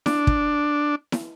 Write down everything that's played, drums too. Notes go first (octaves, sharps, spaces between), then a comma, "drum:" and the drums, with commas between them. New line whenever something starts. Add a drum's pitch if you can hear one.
D4, drum: snare E4
drum: kick
drum: snare E4